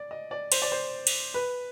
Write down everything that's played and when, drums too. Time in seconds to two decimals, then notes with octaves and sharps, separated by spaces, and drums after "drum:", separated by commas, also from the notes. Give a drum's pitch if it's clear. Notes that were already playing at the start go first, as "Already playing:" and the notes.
Already playing: D5
0.11 D#5
0.31 D5
0.52 C5, drum: cymbal
0.62 D5
0.72 C5
1.07 drum: cymbal
1.34 B4